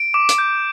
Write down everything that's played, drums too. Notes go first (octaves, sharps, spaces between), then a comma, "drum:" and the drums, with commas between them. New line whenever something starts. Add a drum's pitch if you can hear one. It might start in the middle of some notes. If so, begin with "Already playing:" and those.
Already playing: D7
D6
drum: hi-hat
G6